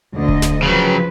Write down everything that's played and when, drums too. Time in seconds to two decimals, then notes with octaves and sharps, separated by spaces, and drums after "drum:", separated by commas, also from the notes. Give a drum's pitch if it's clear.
0.15 D2 D3 D#5
0.28 drum: kick D#1
0.42 drum: snare
0.62 C#3 F3 F#3 B4